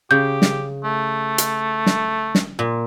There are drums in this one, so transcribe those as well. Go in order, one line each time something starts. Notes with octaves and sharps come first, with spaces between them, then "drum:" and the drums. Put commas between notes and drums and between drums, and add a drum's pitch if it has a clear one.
C#3 G4 G6
drum: snare
A3
drum: hi-hat
drum: snare
drum: snare
A#2